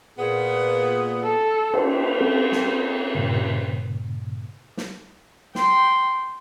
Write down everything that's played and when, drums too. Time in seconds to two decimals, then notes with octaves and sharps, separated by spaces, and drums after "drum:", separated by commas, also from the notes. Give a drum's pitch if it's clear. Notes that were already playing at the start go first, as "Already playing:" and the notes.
0.18 A#2 B3 G#4
1.23 A4
1.74 drum: cymbal
2.21 C4 A4
2.52 drum: snare
3.15 G2 A#2 C#3
4.77 drum: snare
5.55 G5 C6, drum: snare